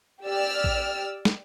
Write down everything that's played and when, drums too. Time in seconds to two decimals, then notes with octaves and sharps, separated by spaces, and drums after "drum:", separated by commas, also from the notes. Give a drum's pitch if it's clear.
0.23 G4 D5 E6 F6
0.64 drum: kick A1
1.25 drum: snare